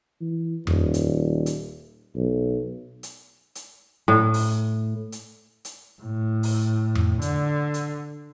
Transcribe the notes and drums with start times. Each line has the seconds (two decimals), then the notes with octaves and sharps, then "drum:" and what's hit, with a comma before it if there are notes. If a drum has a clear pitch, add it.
0.21 E3
0.67 D#1, drum: tom F2
0.94 drum: hi-hat
1.46 drum: hi-hat
2.16 B1
3.03 drum: hi-hat
3.55 drum: hi-hat
4.08 A2
4.34 drum: open hi-hat
5.12 drum: hi-hat
5.65 drum: hi-hat
6.02 A2
6.43 drum: open hi-hat
6.95 drum: tom F2
7.22 D3, drum: hi-hat
7.74 drum: hi-hat